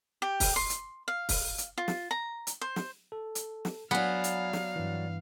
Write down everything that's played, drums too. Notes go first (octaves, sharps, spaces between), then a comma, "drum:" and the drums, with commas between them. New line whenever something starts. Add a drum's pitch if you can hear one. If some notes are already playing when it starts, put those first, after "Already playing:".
G4
drum: kick, open hi-hat
C6
drum: hi-hat
F5
drum: kick, open hi-hat
drum: hi-hat
F4
drum: snare
A#5
drum: hi-hat
C5
drum: snare
A4
drum: hi-hat
drum: snare
F#3 B3 D4 F5 F#5 G#5 B5
drum: hi-hat
drum: snare
G2 E3